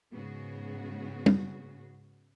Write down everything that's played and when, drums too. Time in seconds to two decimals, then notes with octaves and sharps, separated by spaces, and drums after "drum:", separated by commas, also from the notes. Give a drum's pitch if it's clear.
0.11 G#2 C#3 B3 F#4 G#4
1.26 drum: tom